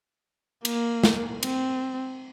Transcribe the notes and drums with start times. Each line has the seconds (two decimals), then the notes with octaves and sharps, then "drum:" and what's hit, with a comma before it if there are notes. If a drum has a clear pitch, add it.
0.65 A#3, drum: cymbal
1.03 drum: snare
1.43 C4, drum: cymbal